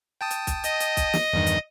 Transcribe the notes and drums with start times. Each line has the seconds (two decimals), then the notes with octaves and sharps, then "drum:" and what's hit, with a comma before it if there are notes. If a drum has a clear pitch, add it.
0.21 G5 A5 D#6
0.31 drum: hi-hat
0.47 drum: kick, hi-hat
0.64 D#5, drum: hi-hat
0.80 drum: hi-hat
0.97 drum: kick, hi-hat
1.13 drum: snare
1.33 E2 G2 D#3
1.47 drum: hi-hat